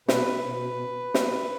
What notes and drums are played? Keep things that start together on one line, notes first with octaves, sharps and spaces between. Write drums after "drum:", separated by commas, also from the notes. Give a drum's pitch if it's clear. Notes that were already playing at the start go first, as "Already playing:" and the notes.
B2 B4, drum: snare
B2
B2
B2
B2
drum: snare